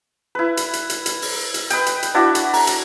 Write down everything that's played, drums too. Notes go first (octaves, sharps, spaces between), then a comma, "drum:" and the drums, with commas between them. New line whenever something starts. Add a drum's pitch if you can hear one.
E4 B4
drum: hi-hat
drum: hi-hat
drum: hi-hat
drum: hi-hat
drum: open hi-hat
drum: hi-hat
B4 D#5 G5, drum: hi-hat
drum: hi-hat
drum: hi-hat
D4 E4 F#4
drum: hi-hat
A#5, drum: open hi-hat
drum: hi-hat